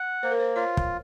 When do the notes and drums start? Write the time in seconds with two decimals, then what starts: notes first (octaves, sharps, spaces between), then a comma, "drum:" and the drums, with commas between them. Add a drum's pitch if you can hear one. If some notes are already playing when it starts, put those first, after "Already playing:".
Already playing: F#5
0.23 A#3 C5
0.31 A#4
0.40 C5
0.56 F4 C#5
0.77 drum: kick